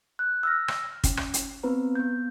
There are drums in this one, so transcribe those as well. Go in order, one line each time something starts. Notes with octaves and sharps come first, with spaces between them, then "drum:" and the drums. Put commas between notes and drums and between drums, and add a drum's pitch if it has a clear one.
F#6
E6 F6 A#6
drum: rim click
C#4, drum: kick, hi-hat
drum: rim click
drum: hi-hat
B3 C4 B4 A#5
B3 G6